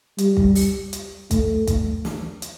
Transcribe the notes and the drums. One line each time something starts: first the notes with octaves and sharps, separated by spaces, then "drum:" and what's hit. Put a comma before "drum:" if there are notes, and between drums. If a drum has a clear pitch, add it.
G3, drum: hi-hat
drum: kick
drum: open hi-hat
drum: hi-hat
A3, drum: kick, hi-hat
drum: kick, hi-hat
drum: snare
drum: hi-hat